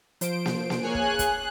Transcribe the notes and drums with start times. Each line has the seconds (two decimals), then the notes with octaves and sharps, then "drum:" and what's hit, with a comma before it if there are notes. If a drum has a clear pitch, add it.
0.21 F3 C5 D7, drum: hi-hat
0.46 drum: snare A#3
0.70 drum: snare A#3
0.83 A#3 G#4 C#5 G#5 F#6
0.94 drum: kick
1.19 drum: kick, hi-hat